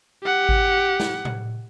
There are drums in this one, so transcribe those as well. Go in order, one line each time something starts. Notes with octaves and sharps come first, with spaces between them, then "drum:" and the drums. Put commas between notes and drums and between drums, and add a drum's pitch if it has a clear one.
G4 F#5
drum: kick G#1
drum: snare
drum: tom A2